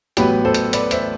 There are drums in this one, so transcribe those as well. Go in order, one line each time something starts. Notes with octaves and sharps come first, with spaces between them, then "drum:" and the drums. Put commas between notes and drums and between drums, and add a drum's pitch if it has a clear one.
A1 A2 F#3 B3 G4 B4, drum: hi-hat
A4 C5
drum: hi-hat
B4 D5, drum: hi-hat
C5 E5, drum: hi-hat